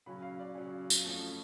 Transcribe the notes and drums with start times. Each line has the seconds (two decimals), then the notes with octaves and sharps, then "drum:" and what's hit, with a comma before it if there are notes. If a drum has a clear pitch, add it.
0.06 C#3 F#3 C#4 B5
0.22 F5
0.39 D5
0.55 C#3 F#3 C#4
0.90 drum: tambourine
1.04 F2 F3 A3 C#4